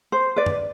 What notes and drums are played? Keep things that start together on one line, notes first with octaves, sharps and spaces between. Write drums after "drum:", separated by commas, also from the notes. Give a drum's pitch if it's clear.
C5
B4 D5
drum: tom F#2